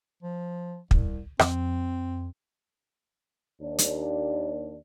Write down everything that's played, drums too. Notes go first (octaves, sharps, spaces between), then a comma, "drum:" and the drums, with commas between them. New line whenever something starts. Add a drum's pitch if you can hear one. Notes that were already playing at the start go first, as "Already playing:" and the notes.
F3
C2, drum: kick
F2 C4, drum: rim click
D#2 D4
drum: hi-hat